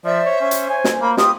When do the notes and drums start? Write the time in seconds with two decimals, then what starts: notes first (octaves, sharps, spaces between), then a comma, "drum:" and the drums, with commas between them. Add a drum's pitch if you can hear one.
0.05 F3 C5 D5 E5
0.26 C#5
0.41 C#4 C#5
0.51 drum: hi-hat
0.69 G#5
0.84 drum: snare
1.01 A#3 B5
1.17 F4 G4 D#6, drum: snare